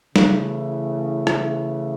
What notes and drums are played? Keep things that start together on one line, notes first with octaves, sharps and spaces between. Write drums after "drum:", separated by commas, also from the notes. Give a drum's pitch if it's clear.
C#3 E3 A3 E4, drum: snare
drum: rim click